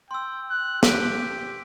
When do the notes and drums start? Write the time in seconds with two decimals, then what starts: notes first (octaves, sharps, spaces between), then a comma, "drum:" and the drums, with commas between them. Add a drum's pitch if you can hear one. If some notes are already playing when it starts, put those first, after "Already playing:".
0.11 G5 C6 E6
0.51 F#6
0.83 G4 B6 D7, drum: snare